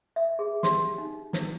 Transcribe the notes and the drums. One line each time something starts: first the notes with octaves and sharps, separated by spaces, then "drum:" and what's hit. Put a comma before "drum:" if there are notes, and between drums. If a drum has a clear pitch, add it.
E5
G#4
G4, drum: snare
D#4
E4, drum: snare